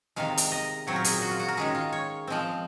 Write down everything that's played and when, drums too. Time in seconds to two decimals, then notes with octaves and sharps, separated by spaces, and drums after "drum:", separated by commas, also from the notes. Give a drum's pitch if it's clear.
0.16 C3 D#3 G#3 F5
0.37 drum: hi-hat
0.52 D#5
0.87 A#2 F#3 C4 C#5
0.96 A#4
1.04 G#4, drum: hi-hat
1.22 F#4
1.31 F4
1.40 F#4
1.49 A#4
1.57 D#3 G#3 C#4 G#4
1.75 F4
1.92 C#5
2.27 F3 G#3 C4